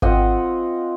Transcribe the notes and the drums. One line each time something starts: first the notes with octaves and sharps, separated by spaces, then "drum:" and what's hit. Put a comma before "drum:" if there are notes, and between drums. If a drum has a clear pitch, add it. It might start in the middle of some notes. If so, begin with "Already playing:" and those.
C4 F4 D#5 F#5, drum: kick G#1